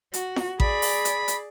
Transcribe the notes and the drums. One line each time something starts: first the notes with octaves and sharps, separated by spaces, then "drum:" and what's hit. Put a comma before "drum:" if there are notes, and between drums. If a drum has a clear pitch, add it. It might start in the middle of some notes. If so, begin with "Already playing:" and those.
F#4, drum: hi-hat
drum: snare
G#4 D5 B5, drum: kick A1
drum: open hi-hat
drum: hi-hat
drum: hi-hat